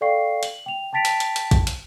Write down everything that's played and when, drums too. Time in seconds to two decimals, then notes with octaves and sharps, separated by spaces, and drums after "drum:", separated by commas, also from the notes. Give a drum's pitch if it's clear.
0.01 A4 D5 F5 G5 C#6 C7
0.43 F#7, drum: hi-hat
0.66 G5 F7
0.93 G5 A5 A6 B6 D7 F7
1.05 drum: hi-hat
1.20 drum: hi-hat
1.36 drum: hi-hat
1.51 drum: kick, hi-hat
1.67 drum: hi-hat